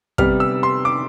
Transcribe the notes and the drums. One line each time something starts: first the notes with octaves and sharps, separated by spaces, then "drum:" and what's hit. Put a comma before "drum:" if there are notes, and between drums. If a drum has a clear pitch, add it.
C3 G3 B3 F6, drum: kick
E6
C6
D6